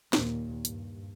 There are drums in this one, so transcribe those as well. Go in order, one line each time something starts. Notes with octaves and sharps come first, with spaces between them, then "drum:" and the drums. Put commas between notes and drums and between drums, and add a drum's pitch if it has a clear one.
D#2 A#2, drum: snare
G2, drum: hi-hat